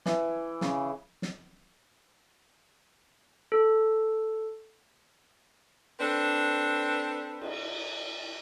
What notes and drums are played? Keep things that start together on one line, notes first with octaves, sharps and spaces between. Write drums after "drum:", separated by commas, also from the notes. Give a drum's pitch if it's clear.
E3, drum: snare
C#3, drum: snare
drum: snare
A4
C4 D4 A4 B4
drum: cymbal